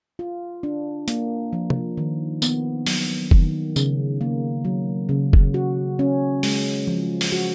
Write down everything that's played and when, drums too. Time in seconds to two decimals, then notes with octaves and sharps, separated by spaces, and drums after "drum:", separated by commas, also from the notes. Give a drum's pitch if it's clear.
0.19 F4
0.63 D4
1.08 A#3, drum: hi-hat
1.53 F3
1.70 drum: tom
1.97 D#3
2.42 B3, drum: tambourine
2.86 F#3, drum: open hi-hat
3.31 D#3, drum: kick F1
3.76 C#3, drum: tambourine
4.21 A#3
4.65 F#3
5.09 C#3
5.33 drum: kick F1
5.54 F#4
5.99 C#4
6.43 G#3, drum: open hi-hat
6.87 F3
7.21 drum: open hi-hat
7.32 F#4